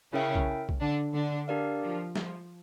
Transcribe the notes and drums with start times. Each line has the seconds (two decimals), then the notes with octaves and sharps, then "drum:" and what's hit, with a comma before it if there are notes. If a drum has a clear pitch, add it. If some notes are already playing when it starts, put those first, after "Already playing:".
0.12 C#3 C#4 E4 A#4 E5 G5
0.35 drum: kick B1
0.69 drum: kick B1
0.81 D3 D4
1.14 D3 D4
1.48 D4 G4 A#4 D5 F5
1.82 F3
2.16 F3, drum: snare